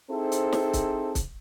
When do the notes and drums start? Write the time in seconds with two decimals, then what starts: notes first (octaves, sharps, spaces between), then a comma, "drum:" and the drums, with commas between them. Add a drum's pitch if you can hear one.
0.11 C4 D#4 E4 G#4 A4 C5
0.32 drum: hi-hat
0.53 drum: snare
0.73 drum: kick, hi-hat
1.15 drum: kick, hi-hat